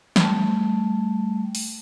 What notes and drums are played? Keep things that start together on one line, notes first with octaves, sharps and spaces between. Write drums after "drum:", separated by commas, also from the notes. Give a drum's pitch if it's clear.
G3 A3, drum: snare
drum: open hi-hat